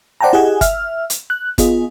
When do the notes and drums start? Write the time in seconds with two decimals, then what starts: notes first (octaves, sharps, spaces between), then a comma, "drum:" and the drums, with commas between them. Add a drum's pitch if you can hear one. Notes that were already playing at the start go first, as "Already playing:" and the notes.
0.21 C5 D5 F#5 G5 A5 A#5
0.33 E4 G4 G#4 D#5 F#5 G#5
0.61 E5 F6, drum: kick G1, hi-hat
1.10 drum: hi-hat
1.30 F#6
1.58 B3 F4 G#4 D#5, drum: kick G1, hi-hat